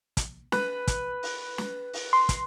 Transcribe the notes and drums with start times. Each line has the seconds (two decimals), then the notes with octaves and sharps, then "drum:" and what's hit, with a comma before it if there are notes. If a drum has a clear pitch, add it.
0.17 drum: kick, hi-hat
0.52 B4, drum: snare
0.88 drum: kick, hi-hat
1.23 drum: open hi-hat
1.58 drum: snare
1.93 drum: open hi-hat
2.13 C6
2.29 drum: kick, hi-hat